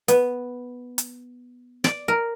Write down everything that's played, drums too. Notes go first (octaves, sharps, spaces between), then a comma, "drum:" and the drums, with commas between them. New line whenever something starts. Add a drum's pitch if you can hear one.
B3, drum: hi-hat
drum: hi-hat
D5, drum: snare
A#4